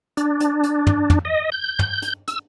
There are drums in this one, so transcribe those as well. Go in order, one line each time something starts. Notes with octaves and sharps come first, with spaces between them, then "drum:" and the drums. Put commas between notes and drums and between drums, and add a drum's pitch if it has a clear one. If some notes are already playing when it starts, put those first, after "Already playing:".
D4, drum: hi-hat
drum: hi-hat
drum: hi-hat
drum: tom
drum: tom
D#5
G6
drum: tom
drum: hi-hat
E6, drum: hi-hat